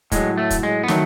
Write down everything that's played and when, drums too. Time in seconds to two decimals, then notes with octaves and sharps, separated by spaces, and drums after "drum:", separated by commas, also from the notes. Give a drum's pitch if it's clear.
0.12 A2 F#3 G#3, drum: kick, hi-hat
0.38 A3
0.50 drum: kick, hi-hat
0.63 G#3
0.83 B3
0.88 D#3 F#3 A3, drum: snare